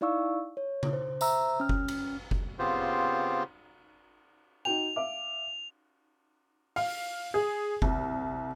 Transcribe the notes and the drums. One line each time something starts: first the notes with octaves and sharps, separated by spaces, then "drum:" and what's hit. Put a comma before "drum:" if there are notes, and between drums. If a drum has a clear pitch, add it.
D#4 E4 D5 F5 C#6 E6
C#5
drum: tom C#3
C5
C5 E5 A#5 E6, drum: tambourine
C#4 F6
drum: kick F#1
drum: cymbal
drum: kick F#1
C#3 B3 C4 F4 G4 C5
D#4 F#4 G5 F7
E5 F5 D6
F5, drum: open hi-hat
G#4
C2, drum: kick F#1